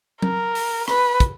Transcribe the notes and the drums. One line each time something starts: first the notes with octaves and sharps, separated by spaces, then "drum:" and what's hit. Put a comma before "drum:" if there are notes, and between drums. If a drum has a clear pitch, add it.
A#4, drum: tom
drum: open hi-hat
B4, drum: rim click
drum: kick, hi-hat